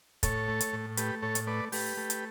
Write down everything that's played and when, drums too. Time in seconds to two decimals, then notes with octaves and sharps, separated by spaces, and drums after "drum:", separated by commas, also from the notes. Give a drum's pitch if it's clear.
0.23 A2 A4 C#5, drum: kick, hi-hat
0.48 A3
0.60 drum: hi-hat
0.73 A2
0.97 A3 G4 B4, drum: hi-hat
1.23 A2 A4 C#5
1.35 drum: hi-hat
1.47 A3 B4 D5
1.72 A3 G4 B4, drum: open hi-hat
1.97 A3
2.10 drum: hi-hat